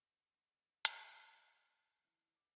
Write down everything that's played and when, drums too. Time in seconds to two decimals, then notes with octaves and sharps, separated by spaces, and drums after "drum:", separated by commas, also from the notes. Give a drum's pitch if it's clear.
0.85 D#2, drum: hi-hat
1.11 F#3
1.27 G#3
1.43 D#6
2.05 E3
2.36 D6